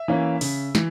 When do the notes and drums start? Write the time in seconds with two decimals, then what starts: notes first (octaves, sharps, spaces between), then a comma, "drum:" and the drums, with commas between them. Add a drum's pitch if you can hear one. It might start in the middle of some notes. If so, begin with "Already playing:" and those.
Already playing: E5
0.08 E3 A#3 C#4
0.41 C#3, drum: open hi-hat
0.75 E3, drum: snare